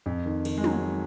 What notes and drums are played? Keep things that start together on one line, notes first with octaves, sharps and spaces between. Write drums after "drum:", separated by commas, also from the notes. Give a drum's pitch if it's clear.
F2
D#3
D#3, drum: cymbal
G#3
F#3, drum: tom